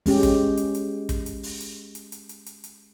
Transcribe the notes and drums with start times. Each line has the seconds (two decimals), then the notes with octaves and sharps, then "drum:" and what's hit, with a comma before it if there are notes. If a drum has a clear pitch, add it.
0.06 G#3 C#4 G4, drum: open hi-hat
0.23 drum: kick, hi-hat
0.57 drum: hi-hat
0.75 drum: hi-hat
1.09 drum: kick, hi-hat
1.26 drum: hi-hat
1.43 drum: open hi-hat
1.61 drum: hi-hat
1.95 drum: hi-hat
2.12 drum: hi-hat
2.29 drum: hi-hat
2.46 drum: hi-hat
2.64 drum: hi-hat